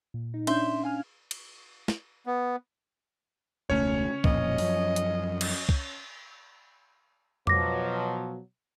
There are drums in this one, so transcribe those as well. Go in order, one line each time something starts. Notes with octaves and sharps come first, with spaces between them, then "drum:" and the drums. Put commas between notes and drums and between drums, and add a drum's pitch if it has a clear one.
A#2
D#4
C#4 D4 E5 C6 G6, drum: cymbal
F5 G#5 F6
drum: cymbal
drum: snare
B3
E1 C#2 A3 C#4 C#5
E1 F2 A#2 D#5, drum: kick
F#2 F3, drum: open hi-hat
drum: hi-hat
drum: cymbal
drum: kick
B2 F3 F#3 D6 A#6, drum: tom F2